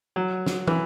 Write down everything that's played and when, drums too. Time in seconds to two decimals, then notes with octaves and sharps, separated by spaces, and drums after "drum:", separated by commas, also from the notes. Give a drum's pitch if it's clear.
0.16 F#3
0.46 drum: snare
0.67 E3, drum: tom